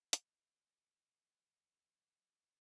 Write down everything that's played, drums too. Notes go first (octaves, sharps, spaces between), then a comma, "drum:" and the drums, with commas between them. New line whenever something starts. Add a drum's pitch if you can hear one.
E3, drum: hi-hat
F#3